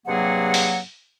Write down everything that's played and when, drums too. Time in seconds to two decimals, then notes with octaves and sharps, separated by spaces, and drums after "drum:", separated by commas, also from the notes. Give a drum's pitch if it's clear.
0.06 G2 C3 F#3 A#3 G#4 F#5
0.54 drum: open hi-hat